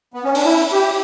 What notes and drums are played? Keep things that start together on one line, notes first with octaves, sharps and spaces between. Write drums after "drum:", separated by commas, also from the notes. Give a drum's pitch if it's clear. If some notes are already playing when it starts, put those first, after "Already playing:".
B3
C#4
D4, drum: open hi-hat
E4
G4